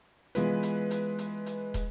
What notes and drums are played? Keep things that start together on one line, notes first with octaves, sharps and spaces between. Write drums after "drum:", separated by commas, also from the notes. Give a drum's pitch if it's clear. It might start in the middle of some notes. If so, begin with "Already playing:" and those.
E3 G#3 B3 F4 B4, drum: hi-hat
drum: hi-hat
drum: hi-hat
drum: hi-hat
drum: hi-hat
drum: kick, hi-hat